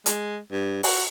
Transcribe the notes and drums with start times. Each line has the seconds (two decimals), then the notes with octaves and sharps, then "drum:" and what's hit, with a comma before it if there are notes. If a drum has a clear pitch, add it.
0.06 G#3, drum: hi-hat
0.52 G2
0.83 F#4, drum: open hi-hat